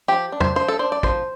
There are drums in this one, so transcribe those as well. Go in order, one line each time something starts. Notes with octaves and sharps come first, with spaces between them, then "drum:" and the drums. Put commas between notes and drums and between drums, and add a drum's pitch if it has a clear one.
F3 G4
D4
C5, drum: tom E2
F3 C5
A4
D4 C5
D5
F3 C5, drum: kick